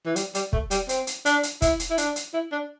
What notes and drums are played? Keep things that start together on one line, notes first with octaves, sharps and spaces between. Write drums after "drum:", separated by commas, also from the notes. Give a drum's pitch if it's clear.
E3
G3, drum: hi-hat
G3, drum: hi-hat
A3, drum: kick
G3, drum: hi-hat
C4, drum: hi-hat
drum: hi-hat
D4, drum: hi-hat
drum: hi-hat
E4, drum: kick, hi-hat
drum: hi-hat
E4
D4, drum: hi-hat
drum: hi-hat
E4
D4